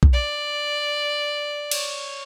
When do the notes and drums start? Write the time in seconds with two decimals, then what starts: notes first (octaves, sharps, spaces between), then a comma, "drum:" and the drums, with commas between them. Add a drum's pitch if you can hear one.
0.03 drum: kick
0.13 D5
1.71 C#5, drum: cymbal